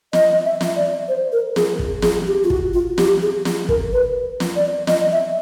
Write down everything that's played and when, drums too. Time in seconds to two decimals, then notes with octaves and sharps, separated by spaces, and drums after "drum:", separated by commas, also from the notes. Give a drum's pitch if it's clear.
0.13 D#5, drum: snare
0.45 E5
0.61 drum: snare
0.76 D5
1.08 C5
1.32 A#4
1.56 G#4, drum: snare
1.79 drum: kick
2.02 G#4, drum: snare
2.26 G4
2.44 F4
2.50 F#4, drum: kick
2.73 F4
2.98 G4, drum: snare
3.22 G#4
3.45 drum: snare
3.69 A#4, drum: kick
3.92 B4
4.40 drum: snare
4.56 D5
4.87 D#5, drum: snare
5.12 E5